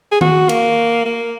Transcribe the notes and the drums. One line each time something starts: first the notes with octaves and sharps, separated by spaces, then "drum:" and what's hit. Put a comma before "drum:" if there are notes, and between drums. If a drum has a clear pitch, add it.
G#4
F#4, drum: tom D#3
A#3, drum: cymbal
A#3